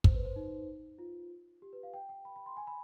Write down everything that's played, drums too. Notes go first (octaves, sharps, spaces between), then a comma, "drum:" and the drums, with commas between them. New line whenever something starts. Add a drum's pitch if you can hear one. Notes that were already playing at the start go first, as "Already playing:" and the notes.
C5, drum: kick
B4
C5
D#4
F4
G4
B4
F5
G5
G5
B5
B5
C6
G#5
B5